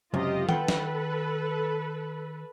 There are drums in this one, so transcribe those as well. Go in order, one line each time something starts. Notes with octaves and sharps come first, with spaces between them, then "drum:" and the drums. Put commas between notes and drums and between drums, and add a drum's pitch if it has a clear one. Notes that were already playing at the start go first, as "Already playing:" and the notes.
C#2 F#2 C3 F4 G4 D#5
D#3 A4 B4 F#5 G5, drum: tom D#3
drum: snare